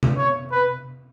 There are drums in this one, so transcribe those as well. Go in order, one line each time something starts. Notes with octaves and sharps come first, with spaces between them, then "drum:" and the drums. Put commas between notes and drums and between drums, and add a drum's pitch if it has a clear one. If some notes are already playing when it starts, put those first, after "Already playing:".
drum: tom C3
C#5
B4